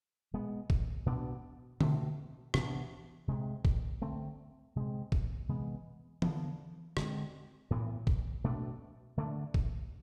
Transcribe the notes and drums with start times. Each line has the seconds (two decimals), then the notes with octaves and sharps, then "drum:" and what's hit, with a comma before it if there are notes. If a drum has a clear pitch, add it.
0.33 B2 G#3 B3
0.70 drum: kick
1.06 B2 B3 D4
1.81 B2 A3 C4, drum: tom D3
2.54 C3 E3 B3 D4, drum: rim click
3.28 C3 G#3 C4
3.65 drum: kick
4.02 D3 A3 C4
4.76 C3 G#3 C4
5.12 drum: kick
5.49 C3 E3 G#3 B3
6.22 D3 F3 B3, drum: tom E3
6.97 D3 G#3 C4, drum: rim click
7.70 A2 E3 B3
8.07 drum: kick
8.44 B2 A3 D4
9.17 D3 A3 D4
9.54 drum: kick